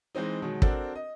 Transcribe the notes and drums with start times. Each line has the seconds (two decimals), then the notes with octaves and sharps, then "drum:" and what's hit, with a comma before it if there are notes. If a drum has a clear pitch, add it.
0.15 E3 G#3 C4 D#4
0.42 B2 D#3 F#3 G#3
0.62 C4 D4 F#4 A4 A#4, drum: kick
0.95 D#5